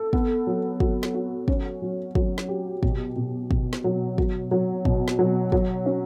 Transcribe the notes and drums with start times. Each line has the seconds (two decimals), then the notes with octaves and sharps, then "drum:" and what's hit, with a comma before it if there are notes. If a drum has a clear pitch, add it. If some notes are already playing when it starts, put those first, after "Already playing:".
Already playing: A4
0.13 B3, drum: kick
0.47 F#3
0.80 F#3, drum: kick
1.03 drum: snare
1.14 F#4
1.48 C#4, drum: kick
1.82 F#3
2.15 F#3, drum: kick
2.38 drum: snare
2.49 G4
2.83 B2, drum: kick
3.16 B2
3.51 B2, drum: kick
3.73 drum: snare
3.84 F#3
4.18 F#3, drum: kick
4.51 F#3
4.85 B2, drum: kick
5.08 drum: snare
5.19 F#3
5.52 F#3, drum: kick
5.86 C#4